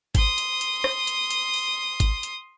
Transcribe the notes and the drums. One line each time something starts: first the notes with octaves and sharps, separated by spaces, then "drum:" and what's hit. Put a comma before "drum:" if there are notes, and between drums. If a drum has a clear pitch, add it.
C6 D#6, drum: kick, hi-hat
drum: hi-hat
drum: hi-hat
drum: rim click
drum: hi-hat
drum: hi-hat
drum: open hi-hat
drum: kick, hi-hat
drum: hi-hat